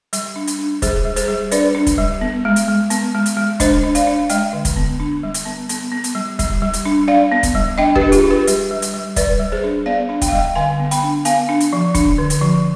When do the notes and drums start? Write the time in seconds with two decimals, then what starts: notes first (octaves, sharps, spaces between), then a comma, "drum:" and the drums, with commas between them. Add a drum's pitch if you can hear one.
0.13 G3, drum: hi-hat
0.36 D4
0.47 drum: hi-hat
0.59 D4
0.82 G3 G#4 C5, drum: kick, hi-hat
1.05 G3
1.16 G#4 C5, drum: hi-hat
1.28 G3
1.51 D4 B4 D5, drum: hi-hat
1.75 D4
1.87 drum: kick, hi-hat
1.98 G3
2.21 B3
2.45 G#3
2.56 drum: hi-hat
2.68 G#3
2.90 B3, drum: hi-hat
3.15 G#3
3.26 drum: hi-hat
3.37 G#3
3.60 D4 C5 D#5, drum: kick, hi-hat
3.83 D4
3.95 D5 F5, drum: hi-hat
4.07 D4
4.29 G#3 D#5 G5, drum: hi-hat
4.53 D3
4.65 drum: kick, hi-hat
4.76 B3
5.00 D4
5.23 G3
5.34 drum: hi-hat
5.45 B3
5.69 B3, drum: hi-hat
5.92 B3
6.04 drum: hi-hat
6.15 G3
6.39 G3, drum: kick, hi-hat
6.62 G3
6.73 drum: hi-hat
6.86 D4
7.08 D4 D5 F5
7.32 B3
7.43 drum: kick, hi-hat
7.55 G3
7.78 D4 D#5 G5
7.96 G4 B4, drum: kick
8.02 D4
8.12 F4 G#4, drum: hi-hat
8.24 D4
8.30 G4 B4
8.47 G3, drum: hi-hat
8.71 G3
8.82 drum: hi-hat
8.94 G3
9.16 G3 B4 D5, drum: kick, hi-hat
9.40 G3
9.52 G#4 C5
9.64 D4
9.86 B3 D5 F5
10.09 D4
10.22 G5, drum: kick, hi-hat
10.28 F5
10.32 G3 D#5 G5
10.55 D3 F5 G#5
10.80 B3
10.91 G5 B5, drum: hi-hat
11.03 D4
11.25 B3 F5 G#5, drum: hi-hat
11.49 D4
11.60 drum: hi-hat
11.73 F3
11.95 D4, drum: kick, hi-hat
12.18 D3
12.30 drum: hi-hat
12.41 F3